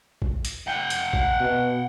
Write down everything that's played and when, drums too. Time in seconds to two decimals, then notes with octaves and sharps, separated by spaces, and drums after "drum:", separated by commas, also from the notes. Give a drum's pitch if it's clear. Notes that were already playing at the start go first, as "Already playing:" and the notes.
0.22 drum: kick A1
0.45 drum: hi-hat
0.68 F#5 G5
0.90 drum: hi-hat
1.13 drum: kick A1
1.41 B2